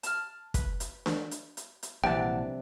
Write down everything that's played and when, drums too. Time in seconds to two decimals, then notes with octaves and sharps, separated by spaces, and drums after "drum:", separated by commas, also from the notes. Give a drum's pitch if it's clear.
0.03 A5 F6, drum: hi-hat
0.54 B4, drum: kick, hi-hat
0.80 drum: hi-hat
1.06 drum: snare D4
1.31 drum: hi-hat
1.57 drum: hi-hat
1.83 drum: hi-hat
2.04 A#1 C3 E3 G3 D4 F#5 G5 A5